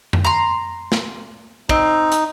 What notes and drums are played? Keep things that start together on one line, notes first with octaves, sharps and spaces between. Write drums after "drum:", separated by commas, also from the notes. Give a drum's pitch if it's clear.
drum: tom F2
A#5 C6
drum: snare
C4 D#4, drum: kick
drum: hi-hat